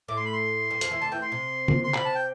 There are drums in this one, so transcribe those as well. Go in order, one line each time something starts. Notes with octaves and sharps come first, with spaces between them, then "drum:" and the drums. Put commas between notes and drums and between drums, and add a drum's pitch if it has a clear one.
A2 A3 D6
C6
B5
C6
G2 G3
F2 F3, drum: hi-hat
E2 E3
D2 D3 A5
E2 E3 G5
C6
C3
drum: tom
C6
C3 B5, drum: clap
A5
G5